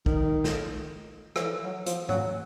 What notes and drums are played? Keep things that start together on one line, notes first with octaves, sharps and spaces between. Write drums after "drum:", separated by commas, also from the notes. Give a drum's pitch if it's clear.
D#3, drum: kick
drum: snare
F3, drum: rim click
E3
F#3
F3, drum: hi-hat
F#3, drum: tom G#2